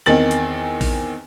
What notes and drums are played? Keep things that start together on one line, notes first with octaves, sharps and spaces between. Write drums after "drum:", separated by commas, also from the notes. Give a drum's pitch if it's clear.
E2 D#3 C4 A6 F#7
drum: hi-hat
drum: kick A#1, open hi-hat